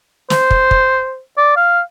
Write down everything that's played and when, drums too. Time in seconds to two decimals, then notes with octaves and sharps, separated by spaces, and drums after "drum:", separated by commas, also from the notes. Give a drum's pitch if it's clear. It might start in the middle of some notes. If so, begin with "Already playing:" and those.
0.30 C5, drum: snare
0.51 drum: kick
0.71 drum: kick
1.38 D5
1.57 F5